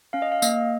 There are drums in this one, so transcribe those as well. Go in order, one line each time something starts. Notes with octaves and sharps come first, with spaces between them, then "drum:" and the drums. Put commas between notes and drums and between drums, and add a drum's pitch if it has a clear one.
C#4 F5
D#5
F5
A#3 D#5, drum: tambourine